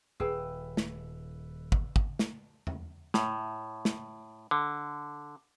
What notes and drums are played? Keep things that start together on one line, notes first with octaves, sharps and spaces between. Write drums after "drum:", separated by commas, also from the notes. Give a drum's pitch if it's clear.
D#1 G#4 B4 G5 E6
drum: snare
drum: kick
drum: kick
drum: snare
drum: tom E2
A2, drum: snare
drum: snare
D3